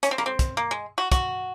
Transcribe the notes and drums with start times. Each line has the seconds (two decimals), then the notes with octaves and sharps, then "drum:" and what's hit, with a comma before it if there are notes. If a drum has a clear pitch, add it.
0.03 C#4, drum: hi-hat
0.11 C4
0.18 A#3, drum: rim click
0.26 C4
0.39 drum: kick, hi-hat
0.57 A#3
0.71 G#3
0.98 F#4
1.12 F#4, drum: kick, hi-hat